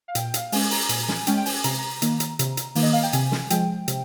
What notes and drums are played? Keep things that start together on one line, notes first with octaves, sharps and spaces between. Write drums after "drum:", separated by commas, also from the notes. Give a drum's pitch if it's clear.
F5
A#2 G5, drum: hi-hat
F5, drum: hi-hat
G#3 C#4 G#5, drum: open hi-hat
A#5, drum: open hi-hat
A#5
A#2 G#5, drum: hi-hat
A#5
G#5, drum: snare
G#3 C#4 G5, drum: hi-hat
G5
G#5, drum: open hi-hat
C3 A#5, drum: hi-hat
A#5
D#3 A#3, drum: hi-hat
drum: hi-hat
C3, drum: hi-hat
drum: hi-hat
D#3 A#3, drum: open hi-hat
D#5
F5
G5
C3 G#5, drum: hi-hat
drum: snare
F3 G#3 G5, drum: hi-hat
C3, drum: hi-hat